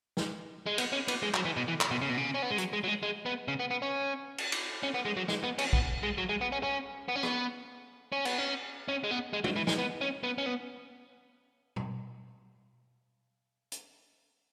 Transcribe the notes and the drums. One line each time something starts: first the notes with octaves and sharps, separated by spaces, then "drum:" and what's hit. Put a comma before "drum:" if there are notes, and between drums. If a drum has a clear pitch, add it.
drum: snare
G#3
B3, drum: cymbal
C#4
B3, drum: cymbal
G#3
F#3, drum: clap
E3
B2
E3
drum: clap
B2
C#3
B2
C#3
C#4
B3
G#3
F#3, drum: hi-hat
G#3
F#3
G#3
G#3
B3
C#3
B3
B3
C#4
drum: cymbal
drum: cymbal
C#4
B3
G#3
F#3
G#3, drum: snare
B3
C#4, drum: cymbal
B3, drum: kick
G#3
F#3
G#3
B3
C#4
C#4
B3
C#4
B3, drum: rim click
C#4
B3, drum: cymbal
C#4
C#4
G#3
B3
G#3
F#3, drum: tom
E3
G#3, drum: snare
B3
C#4
B3
C#4
B3
drum: tom
drum: hi-hat